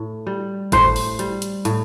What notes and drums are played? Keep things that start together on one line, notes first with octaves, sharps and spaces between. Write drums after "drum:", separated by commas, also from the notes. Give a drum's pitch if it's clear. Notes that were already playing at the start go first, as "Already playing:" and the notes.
Already playing: A2
G3
A2 C5, drum: kick G1, hi-hat
drum: open hi-hat
G3, drum: hi-hat
drum: hi-hat
A2, drum: hi-hat